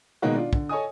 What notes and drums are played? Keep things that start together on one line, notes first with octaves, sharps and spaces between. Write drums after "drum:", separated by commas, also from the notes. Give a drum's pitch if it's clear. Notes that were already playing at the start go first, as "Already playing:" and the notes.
B2 D#3 G#3 A#3 D#4 F#4
D4 F4
D3, drum: kick
A4 C#5 D#5 G#5 D#6